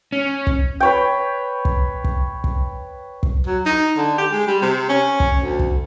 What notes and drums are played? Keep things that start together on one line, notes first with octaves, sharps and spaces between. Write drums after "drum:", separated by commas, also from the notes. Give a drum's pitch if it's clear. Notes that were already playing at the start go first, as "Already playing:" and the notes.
C#4
drum: kick
B4 C#5 G5
drum: kick
drum: kick
drum: kick
drum: kick
F#3
D#4
D3
G4
G#3
G3
C3
C#4
drum: kick
D2
drum: kick